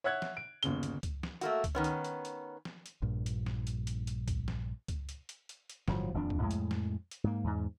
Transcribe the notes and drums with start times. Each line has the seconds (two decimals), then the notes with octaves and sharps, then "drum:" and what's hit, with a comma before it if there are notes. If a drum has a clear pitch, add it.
0.04 C#5 E5 F#5 F#6 G#6
0.22 drum: snare F3
0.37 D7
0.63 G1 D#2 C#3 G7, drum: hi-hat
0.83 drum: hi-hat
1.03 drum: kick C#2, hi-hat
1.23 drum: snare F3
1.41 A3 A#3 F#4, drum: hi-hat
1.64 drum: kick C#2, hi-hat
1.75 D#3 B3 C#4
1.84 drum: hi-hat
2.05 drum: hi-hat
2.25 drum: hi-hat
2.65 drum: snare F3
2.86 drum: hi-hat
3.02 A#1 G2 A#2
3.26 drum: hi-hat
3.46 drum: snare F3
3.67 drum: hi-hat
3.87 drum: hi-hat
4.07 drum: hi-hat
4.28 drum: kick C#2, hi-hat
4.48 drum: snare F3
4.88 drum: kick C#2, hi-hat
5.09 drum: hi-hat
5.29 drum: hi-hat
5.49 drum: hi-hat
5.70 drum: hi-hat
5.88 G1 A2 F3 F#3, drum: snare F3
6.14 D#1 F2 E3 D4
6.30 drum: kick C#2
6.42 F2 A2 G#3
6.51 drum: hi-hat
6.71 drum: snare F3
7.11 drum: hi-hat
7.24 G#2 A#3
7.44 E2 G#2